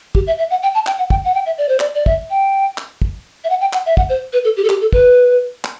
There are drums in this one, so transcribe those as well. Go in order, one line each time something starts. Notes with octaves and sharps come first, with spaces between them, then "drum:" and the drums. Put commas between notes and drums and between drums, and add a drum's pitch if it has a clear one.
G4, drum: kick
E5
E5
F#5
G5
A5
G5, drum: clap
F#5
G5, drum: kick
F#5
G5
E5
D5
C5
D5, drum: clap
D5
E5, drum: kick
G5
drum: clap
drum: kick
E5
F#5
G5
F#5, drum: clap
E5
F#5, drum: kick
C5
B4
A4
G4
A4
G4, drum: clap
A4
B4, drum: kick
drum: clap